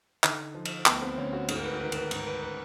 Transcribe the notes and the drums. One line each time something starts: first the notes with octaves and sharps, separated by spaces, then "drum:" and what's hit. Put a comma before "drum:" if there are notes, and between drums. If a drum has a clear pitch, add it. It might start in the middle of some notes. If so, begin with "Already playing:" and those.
D3 D#4, drum: clap
F3
drum: cymbal
D2 B3, drum: clap
C4
D2 C#4
F#4
G#2, drum: cymbal
A#4
B4
D#3 B4
A#4, drum: cymbal
B4
G#2 A#4, drum: cymbal
B4
B4